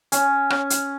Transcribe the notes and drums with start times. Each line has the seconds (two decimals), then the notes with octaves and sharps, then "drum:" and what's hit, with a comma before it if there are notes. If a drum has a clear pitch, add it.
0.12 C#4, drum: hi-hat
0.50 C#4, drum: rim click
0.70 drum: hi-hat